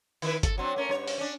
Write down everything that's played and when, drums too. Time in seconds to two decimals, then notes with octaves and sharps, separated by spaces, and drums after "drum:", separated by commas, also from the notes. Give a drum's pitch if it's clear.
0.22 D#3 E4 B4, drum: open hi-hat
0.43 A4, drum: kick G1, hi-hat
0.58 F#3 C4 D4
0.76 A3 C#4 A#4
0.89 G2 C#5
1.08 drum: open hi-hat
1.18 C#4 D4